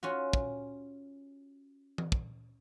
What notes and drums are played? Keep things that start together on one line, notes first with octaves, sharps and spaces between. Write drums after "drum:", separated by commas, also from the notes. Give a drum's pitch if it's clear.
C#4 F4 F#4
drum: kick
drum: tom E3
drum: kick